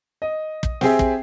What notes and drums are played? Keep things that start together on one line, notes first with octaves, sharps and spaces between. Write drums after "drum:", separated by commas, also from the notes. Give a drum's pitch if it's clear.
D#5
drum: kick
C4 G4 G#4 E5, drum: snare
drum: kick